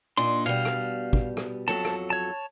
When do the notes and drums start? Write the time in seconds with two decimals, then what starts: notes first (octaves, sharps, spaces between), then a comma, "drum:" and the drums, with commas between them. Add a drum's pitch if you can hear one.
0.17 A#2 D4 D#4 C6
0.46 B2 G3 F5
0.65 drum: rim click
1.13 drum: kick
1.37 drum: rim click
1.68 F2 F#3 A4 A5
1.85 drum: rim click
2.10 C#5 A5